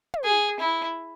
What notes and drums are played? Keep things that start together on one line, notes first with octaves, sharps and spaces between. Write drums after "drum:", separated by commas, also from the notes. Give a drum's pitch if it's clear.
drum: tom
G#4
E4